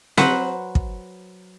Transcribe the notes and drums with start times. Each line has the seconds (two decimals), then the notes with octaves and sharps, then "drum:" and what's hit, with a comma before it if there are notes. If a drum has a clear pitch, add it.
0.17 F#3 B4 C5 F#5, drum: snare C4
0.75 drum: kick